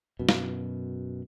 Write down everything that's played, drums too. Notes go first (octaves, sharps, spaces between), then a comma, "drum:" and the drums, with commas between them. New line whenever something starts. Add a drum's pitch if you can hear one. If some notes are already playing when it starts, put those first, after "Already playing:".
F#2 B2
drum: snare